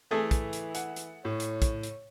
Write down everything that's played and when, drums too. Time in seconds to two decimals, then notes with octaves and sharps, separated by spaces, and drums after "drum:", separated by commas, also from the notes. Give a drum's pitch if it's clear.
0.11 E3 A3 G#4 A4
0.31 drum: kick, hi-hat
0.53 drum: hi-hat
0.75 F#5, drum: hi-hat
0.96 drum: hi-hat
1.25 A2 C#5
1.40 drum: hi-hat
1.62 drum: kick, hi-hat
1.83 drum: hi-hat